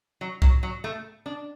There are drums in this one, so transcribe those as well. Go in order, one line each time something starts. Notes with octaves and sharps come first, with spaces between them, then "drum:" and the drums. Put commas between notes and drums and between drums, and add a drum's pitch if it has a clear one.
F#3
F#3, drum: kick C2
F#3
A3
D4